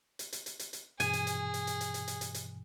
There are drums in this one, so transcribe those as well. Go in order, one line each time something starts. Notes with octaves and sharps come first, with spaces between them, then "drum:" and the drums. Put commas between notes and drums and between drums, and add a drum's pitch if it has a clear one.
drum: hi-hat
drum: hi-hat
drum: hi-hat
drum: hi-hat
drum: hi-hat
G2 B2 E3 G#4 G#5, drum: hi-hat
drum: hi-hat
drum: hi-hat
drum: hi-hat
drum: hi-hat
drum: hi-hat
drum: hi-hat
drum: hi-hat
drum: hi-hat
drum: hi-hat